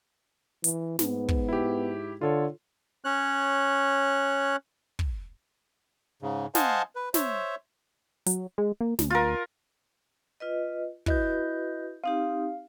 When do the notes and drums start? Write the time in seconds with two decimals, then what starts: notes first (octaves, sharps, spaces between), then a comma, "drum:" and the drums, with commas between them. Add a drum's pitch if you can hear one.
0.64 E3, drum: hi-hat
0.99 G#2 B3, drum: snare
1.28 drum: kick
1.49 E4 G4
2.21 D3 F4 A4 C#5
3.05 C#4 C#5 F#6
4.99 drum: kick
6.22 G#2 C#3
6.55 C5 D#5 F5 F#5 G#5 A5, drum: snare
6.96 B4
7.14 C5 C#5 E5, drum: snare
8.26 F#3, drum: hi-hat
8.58 G#3
8.81 A#3
8.99 D2, drum: snare
9.10 F4 A#4
10.40 F4 B4 D#5
11.06 E4 F#4 B4 D#5 G6, drum: kick
12.04 C4 D#4 G4 F5